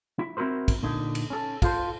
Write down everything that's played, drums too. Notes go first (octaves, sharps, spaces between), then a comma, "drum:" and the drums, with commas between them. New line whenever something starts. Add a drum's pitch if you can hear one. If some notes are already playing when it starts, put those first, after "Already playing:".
E4
C4 E4 F#4 A#4 C5
drum: kick, cymbal
A#2 D3 D#4
drum: cymbal
C#4 A4
F4 A4 C5, drum: kick, cymbal